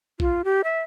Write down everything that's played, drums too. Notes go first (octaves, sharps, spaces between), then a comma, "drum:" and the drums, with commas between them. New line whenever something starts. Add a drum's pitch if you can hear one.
F4, drum: kick
G4
E5